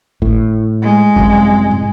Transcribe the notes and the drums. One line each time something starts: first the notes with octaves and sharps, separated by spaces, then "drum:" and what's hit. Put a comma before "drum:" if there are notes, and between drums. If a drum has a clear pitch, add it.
A2, drum: kick G1
G#3
C2 F#2, drum: kick G1
drum: tom